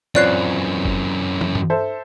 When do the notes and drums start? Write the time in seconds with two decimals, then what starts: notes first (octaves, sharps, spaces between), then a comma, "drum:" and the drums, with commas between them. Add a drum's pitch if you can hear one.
0.15 F#2 E3 C4 F4 C#5 D5 F#6 C7
0.85 drum: kick F#1
1.41 drum: tom
1.55 drum: tom G2
1.70 A4 C5 E5